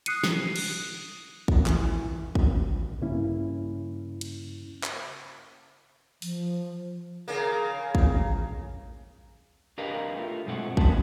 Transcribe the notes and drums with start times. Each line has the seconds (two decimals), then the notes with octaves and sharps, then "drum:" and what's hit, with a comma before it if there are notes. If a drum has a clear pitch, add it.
0.06 D#6 F#6 C7 C#7 D#7, drum: hi-hat
0.24 drum: snare
0.56 drum: cymbal
1.48 drum: kick
1.66 E3, drum: clap
2.35 drum: kick
3.01 G2 C#3 A#3 C#4 E4
4.21 drum: cymbal
4.83 drum: clap
6.22 F3, drum: open hi-hat
7.28 C#3 A#3
7.95 drum: kick
9.78 D4 G4 A#4 B4 D#5 F5
10.17 A3 F4
10.46 F#2 B2 G#3 A3 C4 F#4
10.77 C3 F3 G#3 B4 A5, drum: kick